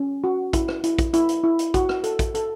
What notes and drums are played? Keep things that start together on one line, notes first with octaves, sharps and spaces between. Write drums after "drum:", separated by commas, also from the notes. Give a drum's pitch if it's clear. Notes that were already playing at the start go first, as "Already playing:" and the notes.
Already playing: C#4
F#4
E4, drum: kick, hi-hat
drum: rim click
E4, drum: hi-hat
drum: kick, hi-hat
E4, drum: hi-hat
drum: hi-hat
E4
drum: hi-hat
F#4, drum: kick, hi-hat
drum: rim click
A4, drum: hi-hat
drum: kick, hi-hat
A4, drum: hi-hat